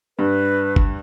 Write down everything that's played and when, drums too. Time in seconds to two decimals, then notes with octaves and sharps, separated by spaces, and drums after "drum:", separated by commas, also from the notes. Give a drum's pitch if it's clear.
0.19 G2 B4
0.76 drum: kick G#1